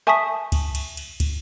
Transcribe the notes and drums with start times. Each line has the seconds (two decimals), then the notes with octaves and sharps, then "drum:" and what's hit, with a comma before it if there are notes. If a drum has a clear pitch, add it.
0.07 E5 G#5 A5 C#6 D#6 B6, drum: rim click
0.52 drum: kick, cymbal
0.75 drum: cymbal
0.97 drum: cymbal
1.20 drum: kick, cymbal